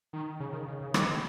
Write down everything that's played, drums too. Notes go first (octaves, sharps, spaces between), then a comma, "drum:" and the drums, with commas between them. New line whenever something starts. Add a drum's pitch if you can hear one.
D#3
C#3
D#3
C#3
C#3
D#3, drum: rim click